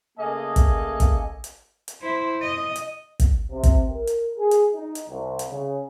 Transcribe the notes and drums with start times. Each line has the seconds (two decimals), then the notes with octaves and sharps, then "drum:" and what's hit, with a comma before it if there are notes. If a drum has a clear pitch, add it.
0.18 C#3 A3 A#3 A4 D#5 G#5
0.56 drum: kick, hi-hat
1.00 drum: kick, hi-hat
1.44 drum: hi-hat
1.88 drum: hi-hat
2.01 E4 C5
2.41 D#5
2.76 drum: hi-hat
3.20 drum: kick, hi-hat
3.50 C3
3.63 drum: kick, hi-hat
3.91 A#4
4.07 drum: hi-hat
4.37 G#4
4.51 drum: hi-hat
4.73 D#4
4.95 drum: hi-hat
5.08 C2
5.39 drum: hi-hat
5.49 C#3